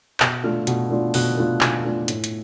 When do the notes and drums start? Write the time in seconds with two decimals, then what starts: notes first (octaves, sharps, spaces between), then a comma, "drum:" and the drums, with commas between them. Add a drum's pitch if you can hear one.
0.20 B2 F6, drum: clap
0.43 A3 D4 F4 F6
0.67 B2, drum: hi-hat
0.90 A3 D4 F4
1.14 B2 F#6, drum: open hi-hat
1.37 A3 D4 F4 F#6
1.61 B2 G#5, drum: clap
1.85 A3 D4 F4
2.08 A2, drum: hi-hat
2.24 drum: hi-hat